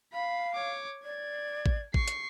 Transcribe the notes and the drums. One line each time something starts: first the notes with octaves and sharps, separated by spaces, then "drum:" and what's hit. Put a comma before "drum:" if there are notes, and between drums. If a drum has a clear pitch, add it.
F5 B5
C#5 D6
D5 G#6
drum: kick A1
C#6 C7, drum: kick A1
drum: hi-hat